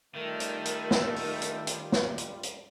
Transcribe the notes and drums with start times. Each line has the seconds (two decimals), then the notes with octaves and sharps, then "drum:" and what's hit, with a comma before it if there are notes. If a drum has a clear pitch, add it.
0.15 D#3 G3 A3 D#4 F4 A#4 E5
0.40 drum: hi-hat
0.65 drum: hi-hat
0.91 drum: snare
1.16 drum: open hi-hat
1.42 drum: hi-hat
1.67 drum: hi-hat
1.92 drum: snare
2.18 drum: hi-hat
2.43 drum: hi-hat